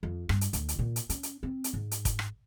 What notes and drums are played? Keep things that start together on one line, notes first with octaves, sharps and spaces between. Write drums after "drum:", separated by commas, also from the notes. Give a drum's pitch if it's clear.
F2
G2, drum: rim click
drum: hi-hat
D2, drum: hi-hat
drum: hi-hat
A#2
drum: hi-hat
C#4, drum: hi-hat
drum: hi-hat
C4
drum: hi-hat
G#2
drum: hi-hat
drum: kick, hi-hat
drum: rim click